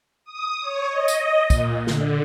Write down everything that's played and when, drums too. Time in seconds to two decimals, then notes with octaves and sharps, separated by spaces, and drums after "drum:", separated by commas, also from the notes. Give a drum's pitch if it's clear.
0.24 D#6
0.61 C#5
0.90 D#5
1.08 drum: tambourine
1.50 A#2, drum: kick, tambourine
1.87 D3, drum: snare